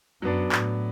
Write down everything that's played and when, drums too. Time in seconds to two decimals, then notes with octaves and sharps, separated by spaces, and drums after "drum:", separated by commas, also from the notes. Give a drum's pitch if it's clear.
0.22 F#2 F#3 B3 D4
0.52 A2, drum: clap